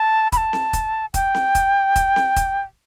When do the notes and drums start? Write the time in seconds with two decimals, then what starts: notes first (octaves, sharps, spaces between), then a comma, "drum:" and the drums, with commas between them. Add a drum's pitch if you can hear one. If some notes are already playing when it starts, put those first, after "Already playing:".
Already playing: A5
0.32 B5, drum: kick, hi-hat
0.37 A5
0.53 drum: snare C4
0.73 drum: kick, hi-hat
1.14 G5, drum: kick, hi-hat
1.35 drum: snare C4
1.55 drum: kick, hi-hat
1.96 drum: kick, hi-hat
2.16 drum: snare C4
2.36 drum: kick, hi-hat